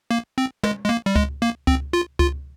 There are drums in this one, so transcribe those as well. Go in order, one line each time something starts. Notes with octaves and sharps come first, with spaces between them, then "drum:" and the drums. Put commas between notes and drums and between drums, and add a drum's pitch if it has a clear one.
A#3
C4
G#3, drum: tom
G#3
A#3
G3
G#3, drum: kick C#2
A#3
C4, drum: kick C#2
F4
F4, drum: kick C#2